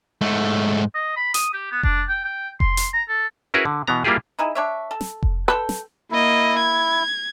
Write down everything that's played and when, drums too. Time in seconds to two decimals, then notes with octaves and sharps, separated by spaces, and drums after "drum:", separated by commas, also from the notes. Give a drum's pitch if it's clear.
0.21 G#2 A3
0.95 D#5
1.16 B5
1.34 D#6, drum: hi-hat
1.53 G4
1.71 B3
1.83 D4, drum: kick F1
2.09 G5
2.24 G5
2.60 C6, drum: kick F1
2.77 drum: hi-hat
2.94 A#5
3.09 A4
3.54 C#4 E4 F#4 G#4 A#4 B4
3.65 D3
3.87 B2 E3 B3 A#5
4.04 G3 A#3 E4 F4 G4 G#4
4.39 D#4 E4 G#4
4.55 D4 C#5 E5
4.91 A4
5.01 drum: snare
5.23 drum: kick F1
5.48 A4 B4 G5
5.69 drum: snare
6.11 A#3 E4 D#5
6.58 G#6